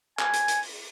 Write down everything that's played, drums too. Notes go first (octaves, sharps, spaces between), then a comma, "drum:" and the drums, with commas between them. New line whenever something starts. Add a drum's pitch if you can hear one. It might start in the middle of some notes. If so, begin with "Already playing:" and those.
G#5, drum: clap
drum: hi-hat
drum: hi-hat
drum: open hi-hat